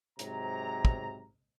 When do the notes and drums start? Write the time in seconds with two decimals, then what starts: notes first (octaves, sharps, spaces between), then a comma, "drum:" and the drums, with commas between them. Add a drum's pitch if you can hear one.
0.19 G#2 C3 F#3 A#5, drum: hi-hat
0.85 drum: kick